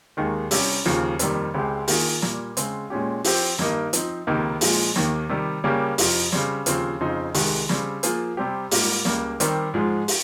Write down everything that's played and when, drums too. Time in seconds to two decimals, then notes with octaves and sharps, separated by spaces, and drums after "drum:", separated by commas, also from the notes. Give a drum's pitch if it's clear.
0.17 D#2 D#3 G#3
0.51 C3 G3 C#4, drum: open hi-hat
0.86 D#2 C#3 F3, drum: snare
1.19 F2 C3 D#3 G3 A#3, drum: hi-hat
1.54 C#2 C#3 G#3 C4 G4
1.88 D#3 A#3 F4 G#4, drum: open hi-hat
2.22 A#2 G3 A#3, drum: snare
2.57 C#3 G#3 C4, drum: hi-hat
2.90 A#2 G#3 C#4 G4
3.24 F3 C4 G4 C5, drum: open hi-hat
3.59 G2 D#3 A#3 D#4 A#4, drum: snare
3.93 F3 C4 D#4, drum: hi-hat
4.27 C#2 C3 D#3 A#3 D#4
4.61 A#2 F3 G#3, drum: open hi-hat
4.96 D#2 D#3 A#3, drum: snare
5.29 C3 D#3 G3
5.64 C#3 G3 A#3 C#4 G4
5.98 F2 C3 F3, drum: open hi-hat
6.32 C#3 G3 C4, drum: snare
6.66 D#2 C#3 F3 C4, drum: hi-hat
7.00 F2 C#3 F3 C4 D#4
7.34 C2 C3 D#3 G#3, drum: open hi-hat
7.69 C#3 G3 C4, drum: snare
8.03 F3 A#3 F4 G#4 C5, drum: hi-hat
8.37 C3 G3 C4 G4
8.71 G#2 G3 A#3 F4, drum: open hi-hat
9.05 C#2 C#3 G3 A#3, drum: snare
9.40 D#3 G3 C4 G4 A#4, drum: hi-hat
9.74 G#2 F3 G#3
10.08 drum: open hi-hat